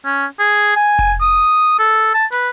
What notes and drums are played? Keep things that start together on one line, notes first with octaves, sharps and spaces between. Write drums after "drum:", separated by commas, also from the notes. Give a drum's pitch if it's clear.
C#4
G#4
drum: open hi-hat
G#5
drum: kick F1, hi-hat
D#6
drum: hi-hat
A4
A5
B4, drum: open hi-hat